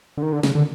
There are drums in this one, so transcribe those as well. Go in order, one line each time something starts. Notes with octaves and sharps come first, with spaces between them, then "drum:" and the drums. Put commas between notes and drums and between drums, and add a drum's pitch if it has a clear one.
D3
D#3
D3
C#3, drum: snare
D3